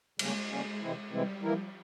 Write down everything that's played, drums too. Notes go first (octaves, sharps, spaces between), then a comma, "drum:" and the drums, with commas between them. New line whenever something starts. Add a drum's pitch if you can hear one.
C#3 G3 G#3 A#3 C#4, drum: cymbal
C#3 G3 A#3 C#4
C3 E3 G#3 C4 E4
C3 E3 G3 G#3 C4 E4
E3 F3 A#3 E4 A#4